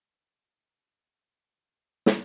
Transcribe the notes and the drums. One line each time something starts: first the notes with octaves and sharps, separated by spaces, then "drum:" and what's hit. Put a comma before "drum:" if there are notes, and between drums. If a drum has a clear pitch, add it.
A4 A#4
drum: snare